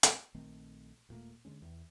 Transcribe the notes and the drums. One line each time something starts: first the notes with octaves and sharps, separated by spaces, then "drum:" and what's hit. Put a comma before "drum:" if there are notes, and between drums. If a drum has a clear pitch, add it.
drum: hi-hat
A#1 D#3 A3 C4
D#1 A#2 A3 A#3
D3 D#3 G#3 C#4
E2 E3